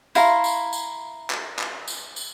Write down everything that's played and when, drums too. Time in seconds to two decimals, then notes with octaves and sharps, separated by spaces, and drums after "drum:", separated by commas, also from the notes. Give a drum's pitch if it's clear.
0.15 E4 F5 A#5 C6, drum: tambourine
0.44 drum: tambourine
0.73 drum: tambourine
1.30 drum: clap
1.59 drum: clap
1.88 drum: tambourine
2.16 drum: tambourine